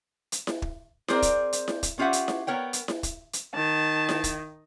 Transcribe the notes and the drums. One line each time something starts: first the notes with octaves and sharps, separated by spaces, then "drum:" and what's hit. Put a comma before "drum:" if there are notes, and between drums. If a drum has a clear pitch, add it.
drum: hi-hat
drum: snare E4
drum: kick
C4 G#4 A#4 C5 D5, drum: snare E4
drum: kick, hi-hat
drum: hi-hat
drum: snare E4
drum: kick, hi-hat
B3 C#4 F4 G4 E5 F#5
drum: hi-hat
drum: snare E4
B3 A#4 C#5 G5
drum: hi-hat
drum: snare E4
drum: kick, hi-hat
drum: hi-hat
D#3 A5
drum: snare E4
drum: kick, hi-hat